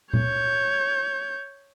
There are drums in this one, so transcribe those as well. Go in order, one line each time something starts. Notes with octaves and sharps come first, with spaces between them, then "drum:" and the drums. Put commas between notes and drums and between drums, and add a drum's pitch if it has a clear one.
C#5 G6, drum: tom A#2